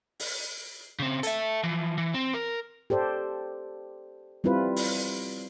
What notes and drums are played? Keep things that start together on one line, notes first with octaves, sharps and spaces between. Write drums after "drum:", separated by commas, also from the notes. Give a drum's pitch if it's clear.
drum: open hi-hat
C#3 C4
A4 E5, drum: hi-hat
E3 F3
E3
C4
A#4
G4 A4 C5 D5
G3 C4 E4 F4 B4
drum: open hi-hat